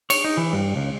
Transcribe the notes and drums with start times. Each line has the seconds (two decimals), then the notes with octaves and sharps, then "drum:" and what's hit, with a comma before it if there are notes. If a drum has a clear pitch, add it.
0.10 C#5, drum: cymbal
0.24 D#4
0.37 E3
0.53 G2
0.76 C#2